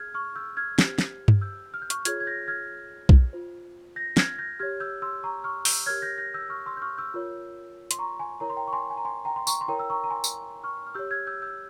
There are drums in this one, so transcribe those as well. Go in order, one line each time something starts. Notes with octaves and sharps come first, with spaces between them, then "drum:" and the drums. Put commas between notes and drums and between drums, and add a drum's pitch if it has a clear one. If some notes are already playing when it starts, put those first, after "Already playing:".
Already playing: G#4 F6 G#6
C#6 F6
E6 G6
F6 G#6
G4 C5, drum: snare
drum: snare
drum: tom G2
E6 G6
F6
G6
C#6 F6, drum: hi-hat
F4 G#4 C#5 F6 G#6, drum: hi-hat
G#6
G6 A#6
F6 G#6
drum: kick
F4 C5
G6 A#6
F6 G#6, drum: snare
G6 A#6
G4 C#5 F6 G#6
E6 G6
C6 E6
A#5 C#6
C#6 F6
E6 G6, drum: open hi-hat
G4 A#4 C#5 F6 G#6
G6 A#6
G6 A#6
E6 G6
C#6 F6
C6 E6
G6
C#6 F6
E6 G6
F4 A#4 C#5
C6, drum: hi-hat
A#5 C#6
G#5 C6
E4 A#4 C#5 A#5
C6
G5 A#5
C#6
G#5 C6
G#5
A#5
G#5 C6
G5 A#5
C6
A#5 C#6, drum: tambourine
C6
E4 A#4 C#5 G5 A#5
E6
A#5 C#6
A#5
G#5 C6
drum: tambourine
C#6 F6
F6
G4 C#5 E6 G6
F6 G#6
E6 G6
E6 G6